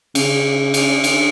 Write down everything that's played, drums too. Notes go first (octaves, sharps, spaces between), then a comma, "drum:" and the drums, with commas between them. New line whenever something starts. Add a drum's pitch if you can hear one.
C#3, drum: cymbal
drum: cymbal
D3, drum: cymbal